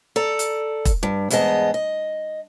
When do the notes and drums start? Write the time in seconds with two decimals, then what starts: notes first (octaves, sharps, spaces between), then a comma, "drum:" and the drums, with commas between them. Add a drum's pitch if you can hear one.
0.16 A4 D5 A#5
0.39 drum: hi-hat
0.85 drum: kick E1, hi-hat
1.03 G2
1.30 E2 G#2 B3 G#4 D#5 A5, drum: hi-hat
1.74 D#5